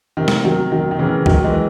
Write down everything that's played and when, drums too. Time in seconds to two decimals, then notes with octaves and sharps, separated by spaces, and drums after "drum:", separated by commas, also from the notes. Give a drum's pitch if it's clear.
0.17 C3 D#3
0.28 drum: snare
0.44 D#3 F#3
0.72 D#3 F#3
0.91 D#3
0.99 C#3 E3
1.26 D#3 F#3, drum: kick C2
1.44 E3 G#3